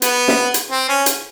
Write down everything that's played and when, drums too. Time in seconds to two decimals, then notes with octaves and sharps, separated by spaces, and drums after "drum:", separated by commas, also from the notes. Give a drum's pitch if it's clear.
0.02 B3, drum: hi-hat
0.28 drum: snare
0.54 drum: hi-hat
0.71 C4
0.89 C#4
1.06 drum: hi-hat